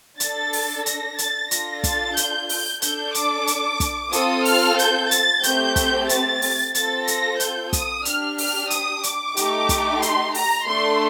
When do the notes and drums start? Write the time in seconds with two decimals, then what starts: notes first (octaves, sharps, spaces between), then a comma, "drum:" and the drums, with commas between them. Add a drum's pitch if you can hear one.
0.20 D4 A4 A6, drum: hi-hat
0.53 drum: open hi-hat
0.86 A#6, drum: hi-hat
1.18 A6, drum: hi-hat
1.51 D4 F4 A4 A#6, drum: hi-hat
1.84 A6, drum: kick, hi-hat
2.17 G6, drum: hi-hat
2.49 G6, drum: open hi-hat
2.82 D4 A4 G6, drum: hi-hat
3.15 D6, drum: hi-hat
3.47 drum: hi-hat
3.80 drum: kick, hi-hat
4.13 C4 F4 A4 D#6, drum: hi-hat
4.45 F6, drum: open hi-hat
4.79 G6, drum: hi-hat
5.11 A6, drum: hi-hat
5.43 A3 C4 G4 G6, drum: hi-hat
5.76 G6, drum: kick, hi-hat
6.09 A6, drum: hi-hat
6.42 drum: open hi-hat
6.75 C4 F4 A4 A6, drum: hi-hat
7.07 A#6, drum: hi-hat
7.40 G6, drum: hi-hat
7.73 D#6, drum: kick, hi-hat
8.05 D4 G4 F6, drum: hi-hat
8.38 F6, drum: open hi-hat
8.70 D#6, drum: hi-hat
9.03 D6, drum: hi-hat
9.37 A3 D#4 G4, drum: hi-hat
9.69 drum: kick, hi-hat
10.02 C6, drum: hi-hat
10.34 A#5, drum: open hi-hat
10.67 A3 D4 A4 C6